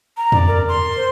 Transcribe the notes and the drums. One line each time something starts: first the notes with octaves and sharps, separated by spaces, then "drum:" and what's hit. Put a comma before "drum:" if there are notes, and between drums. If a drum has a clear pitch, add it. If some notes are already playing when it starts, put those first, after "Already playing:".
A#5
D5, drum: tom E2
A#4
C6
C5